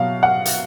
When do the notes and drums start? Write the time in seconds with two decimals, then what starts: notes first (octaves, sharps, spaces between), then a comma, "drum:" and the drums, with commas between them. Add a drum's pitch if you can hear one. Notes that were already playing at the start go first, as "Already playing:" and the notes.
Already playing: B2 F#3 F5
0.23 F#5
0.45 drum: hi-hat